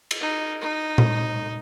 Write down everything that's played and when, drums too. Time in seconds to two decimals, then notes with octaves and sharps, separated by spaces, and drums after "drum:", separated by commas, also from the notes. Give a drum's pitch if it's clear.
0.11 drum: cymbal
0.21 D#4
0.61 D#4
0.98 drum: tom A#2